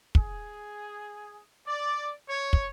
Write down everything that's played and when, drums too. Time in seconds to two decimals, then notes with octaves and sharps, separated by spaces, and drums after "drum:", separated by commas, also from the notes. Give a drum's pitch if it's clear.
0.15 G#4, drum: kick
1.67 D5
2.28 C#5
2.53 drum: kick